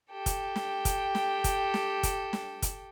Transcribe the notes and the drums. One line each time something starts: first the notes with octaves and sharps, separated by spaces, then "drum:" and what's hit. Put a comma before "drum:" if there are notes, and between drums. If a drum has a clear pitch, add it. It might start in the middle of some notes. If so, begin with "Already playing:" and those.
G4 A4 G5
drum: kick, hi-hat
drum: snare
drum: kick, hi-hat
drum: snare
drum: kick, hi-hat
drum: snare
drum: kick, hi-hat
drum: snare
drum: kick, hi-hat